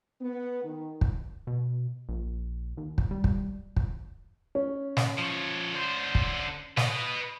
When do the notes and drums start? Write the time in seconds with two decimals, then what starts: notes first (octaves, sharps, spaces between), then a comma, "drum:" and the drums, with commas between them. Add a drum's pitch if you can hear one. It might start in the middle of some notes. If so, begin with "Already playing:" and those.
0.21 B3
0.64 D#3
1.01 drum: kick
1.47 B2
2.09 A#1
2.77 D#2
2.98 drum: kick
3.11 G3
3.24 drum: kick
3.76 drum: kick
4.55 C#4
4.97 drum: snare
5.18 F3 C#5
5.73 D3 C5
6.15 drum: kick
6.77 B4 D#5, drum: snare